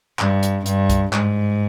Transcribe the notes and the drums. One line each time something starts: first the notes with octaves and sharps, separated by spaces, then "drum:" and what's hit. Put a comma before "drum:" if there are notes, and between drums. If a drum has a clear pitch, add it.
G2, drum: clap
drum: hi-hat
G2, drum: hi-hat
drum: kick C2, hi-hat
G#2, drum: clap